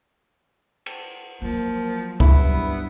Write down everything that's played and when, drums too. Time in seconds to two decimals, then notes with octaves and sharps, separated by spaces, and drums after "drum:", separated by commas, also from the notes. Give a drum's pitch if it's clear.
0.86 drum: cymbal
1.42 F3 F#3 A#3
2.20 G2 B3 E4, drum: kick